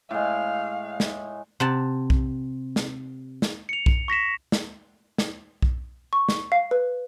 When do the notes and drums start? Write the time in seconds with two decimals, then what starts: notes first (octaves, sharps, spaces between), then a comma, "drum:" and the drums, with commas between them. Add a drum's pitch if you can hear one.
0.11 A2 G#3 F5
1.00 drum: snare
1.60 C3 F#5 A5
2.10 drum: kick B1
2.76 drum: snare
3.42 drum: snare
3.69 C#7 F7
3.86 drum: kick B1
4.08 C#6 A#6 B6 E7
4.52 drum: snare
5.18 drum: snare
5.62 drum: kick B1
6.13 C#6
6.29 drum: snare
6.52 F5
6.71 B4